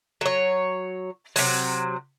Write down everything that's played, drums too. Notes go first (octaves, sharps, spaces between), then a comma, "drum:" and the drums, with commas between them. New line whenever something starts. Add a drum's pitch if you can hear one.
F#3 C#5
C3 F#3, drum: open hi-hat